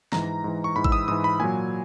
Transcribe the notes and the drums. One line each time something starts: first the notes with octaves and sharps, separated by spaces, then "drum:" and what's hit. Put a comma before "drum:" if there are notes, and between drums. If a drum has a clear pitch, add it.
G#2 E3 A#5, drum: snare
G#2 E3
C#6
G#2 E3 B5
E6, drum: kick G#1
D#6
G#2 E3 D#6
B5
A#2 F#3 G#5